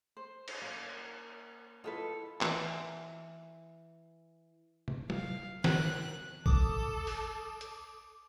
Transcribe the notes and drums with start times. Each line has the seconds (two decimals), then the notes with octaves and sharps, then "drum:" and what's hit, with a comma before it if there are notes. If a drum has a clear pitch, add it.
0.17 C5
0.48 drum: cymbal
0.62 A#3
1.84 E4 F4 A4 B4 D#5
2.41 E3 F#5 A5, drum: clap
4.88 drum: tom
5.10 F5, drum: tom F#3
5.64 F#6, drum: snare
6.46 A4 D6 D#6, drum: kick A1
7.07 drum: open hi-hat
7.61 drum: hi-hat